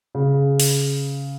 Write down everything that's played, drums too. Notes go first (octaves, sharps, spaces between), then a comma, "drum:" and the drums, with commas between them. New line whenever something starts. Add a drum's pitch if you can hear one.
C#3
drum: open hi-hat